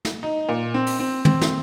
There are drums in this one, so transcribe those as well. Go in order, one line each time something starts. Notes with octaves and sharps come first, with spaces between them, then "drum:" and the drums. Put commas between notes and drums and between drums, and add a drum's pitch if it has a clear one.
drum: snare
D#4
A#2
C4
drum: open hi-hat
C4
C4, drum: tom
drum: snare